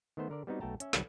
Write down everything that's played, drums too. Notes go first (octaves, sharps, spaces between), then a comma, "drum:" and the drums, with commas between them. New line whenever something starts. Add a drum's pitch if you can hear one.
D#3 A3 B3 C5
D3 A#4 D5
G3 B3 C4 D#4 F#4
B1 A3 F#4 G5 A5 A#5
C#4 E5, drum: hi-hat
C2 D#3 F#3 G4 B4, drum: snare